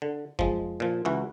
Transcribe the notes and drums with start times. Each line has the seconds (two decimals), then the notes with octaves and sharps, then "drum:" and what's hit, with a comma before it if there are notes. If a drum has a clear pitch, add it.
0.02 D3
0.39 F3 G#3, drum: kick F2
0.80 A#2 F3
1.05 C#2 E3 F#4